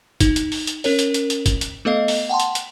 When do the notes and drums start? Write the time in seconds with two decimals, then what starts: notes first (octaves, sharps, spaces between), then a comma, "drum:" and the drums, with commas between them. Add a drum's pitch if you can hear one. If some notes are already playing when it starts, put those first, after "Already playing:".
0.20 D#4, drum: kick, hi-hat
0.36 drum: hi-hat
0.52 drum: open hi-hat
0.67 drum: hi-hat
0.84 C#4 A#4 C#5, drum: open hi-hat
0.99 drum: hi-hat
1.14 drum: hi-hat
1.30 drum: hi-hat
1.46 drum: kick, hi-hat
1.61 drum: hi-hat
1.85 A3 B3 A4 D#5 F5 C7
2.08 drum: open hi-hat
2.29 F#5 G5 A5 C6
2.40 drum: hi-hat
2.55 drum: hi-hat